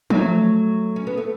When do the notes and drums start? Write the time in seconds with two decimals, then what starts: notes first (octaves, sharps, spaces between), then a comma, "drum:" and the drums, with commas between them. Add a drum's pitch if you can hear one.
0.10 F#3 A3, drum: tom F3
0.96 C#4
1.07 B3
1.17 A3